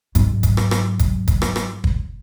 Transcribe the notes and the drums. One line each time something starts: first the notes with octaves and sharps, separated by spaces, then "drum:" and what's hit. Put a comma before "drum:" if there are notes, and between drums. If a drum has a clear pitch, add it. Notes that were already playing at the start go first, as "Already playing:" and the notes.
G#2 F#3, drum: kick, hi-hat
drum: kick, hi-hat
drum: rim click
drum: rim click
drum: kick, hi-hat
drum: kick, hi-hat
drum: rim click
drum: rim click
drum: kick